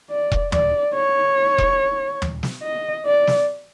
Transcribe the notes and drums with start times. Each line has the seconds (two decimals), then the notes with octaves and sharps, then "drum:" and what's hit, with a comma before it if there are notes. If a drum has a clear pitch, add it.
0.10 D5
0.32 drum: kick E1
0.52 D5, drum: tom
0.94 C#5
1.58 drum: kick E1
2.22 drum: tom
2.43 drum: snare
2.63 D#5
3.06 D5
3.27 drum: snare